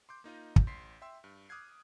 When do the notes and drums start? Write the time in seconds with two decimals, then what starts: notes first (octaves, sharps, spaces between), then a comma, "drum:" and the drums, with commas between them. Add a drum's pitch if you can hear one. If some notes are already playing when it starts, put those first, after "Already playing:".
0.09 C6 D6 G6
0.24 A#3 D#4 F4 D#5
0.56 drum: kick
0.67 A1 C6 B6 C7
1.02 E5 G5 C6 E6
1.24 G2
1.49 D6 D#6 F6 F#6 G#6 C7